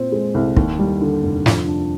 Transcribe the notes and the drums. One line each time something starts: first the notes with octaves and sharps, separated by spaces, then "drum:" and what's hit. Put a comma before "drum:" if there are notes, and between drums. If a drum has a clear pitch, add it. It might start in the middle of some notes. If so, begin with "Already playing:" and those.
Already playing: A#2 C4
G#3
C2
D#2, drum: kick
G3
D3
F1
F3, drum: snare
D4